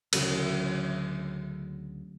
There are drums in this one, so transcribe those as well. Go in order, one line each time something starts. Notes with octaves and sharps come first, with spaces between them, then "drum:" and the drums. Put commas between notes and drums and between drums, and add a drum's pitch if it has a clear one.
D2 C#3 F#3, drum: cymbal